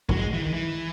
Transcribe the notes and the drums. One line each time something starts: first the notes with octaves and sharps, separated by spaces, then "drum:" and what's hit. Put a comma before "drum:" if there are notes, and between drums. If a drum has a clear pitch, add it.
F#3, drum: kick
G#3
E3
D#3
E3